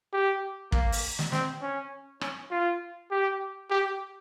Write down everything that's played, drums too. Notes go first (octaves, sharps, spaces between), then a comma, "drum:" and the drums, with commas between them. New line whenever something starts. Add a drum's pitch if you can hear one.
G4
A#3, drum: kick
drum: open hi-hat
drum: snare
C4, drum: snare
C#4
C#4, drum: rim click
F4
G4
G4